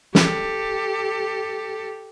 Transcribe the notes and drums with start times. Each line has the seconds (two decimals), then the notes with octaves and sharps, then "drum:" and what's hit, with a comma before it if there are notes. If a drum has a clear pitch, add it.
0.15 G4 A4, drum: snare